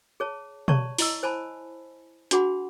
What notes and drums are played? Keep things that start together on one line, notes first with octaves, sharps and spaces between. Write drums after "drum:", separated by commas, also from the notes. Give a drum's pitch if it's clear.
G#4 C#5 A5
C#5 D5 A5 A#5 C#6, drum: tom B2
E4 D#5 E6, drum: open hi-hat
C5 G#5 A5 B5
D4 F#4 G#4 F#5 B5, drum: hi-hat